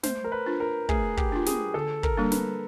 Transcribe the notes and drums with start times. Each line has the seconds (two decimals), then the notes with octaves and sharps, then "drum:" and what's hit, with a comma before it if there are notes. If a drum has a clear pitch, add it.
0.03 A3 C5, drum: snare
0.24 A#4
0.32 B4
0.46 D4 F4
0.60 A#4
0.89 A3 G#4, drum: kick
1.17 G4, drum: kick
1.32 D4 F4
1.46 G#4, drum: snare
1.74 D3 A4
2.03 A#4, drum: kick
2.17 G3 A#3 D4
2.32 B4, drum: snare